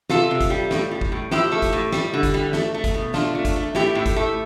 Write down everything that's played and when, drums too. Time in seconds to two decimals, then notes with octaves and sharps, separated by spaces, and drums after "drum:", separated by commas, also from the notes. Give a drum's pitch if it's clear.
0.10 C3 F4 A4, drum: snare
0.31 C3
0.41 drum: kick F#1, hi-hat
0.50 G3
0.71 A2, drum: snare
0.91 G3
1.01 drum: kick F#1
1.12 A2
1.31 F3 E4 G4, drum: snare
1.52 A3
1.62 drum: kick F#1, hi-hat
1.73 A2
1.92 G3, drum: snare
2.14 D3
2.23 drum: kick F#1, hi-hat
2.34 G3
2.53 A3, drum: snare
2.74 A3
2.84 drum: kick F#1, hi-hat
2.94 B2
3.14 A3 D4 F4, drum: snare
3.35 A3
3.45 drum: kick F#1, hi-hat
3.56 A3
3.75 A2 E4 G4, drum: snare
3.95 A2
4.06 drum: kick F#1, hi-hat
4.16 A3